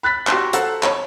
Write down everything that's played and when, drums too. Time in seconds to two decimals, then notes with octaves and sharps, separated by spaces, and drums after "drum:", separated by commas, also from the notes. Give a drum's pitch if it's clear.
0.03 B5 F#6 A6 B6
0.27 F#4 G4 A#5 C6 E6, drum: clap
0.53 A4 C5 F#5 A#5 E6, drum: hi-hat
0.83 C#5 B5, drum: clap